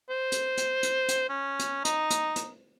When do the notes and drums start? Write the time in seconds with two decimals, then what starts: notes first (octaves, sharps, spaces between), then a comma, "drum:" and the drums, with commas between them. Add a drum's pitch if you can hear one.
0.10 C5
0.32 drum: hi-hat
0.57 drum: hi-hat
0.83 drum: hi-hat
1.08 drum: hi-hat
1.29 C#4
1.59 drum: hi-hat
1.85 D#4, drum: hi-hat
2.10 drum: hi-hat
2.36 drum: hi-hat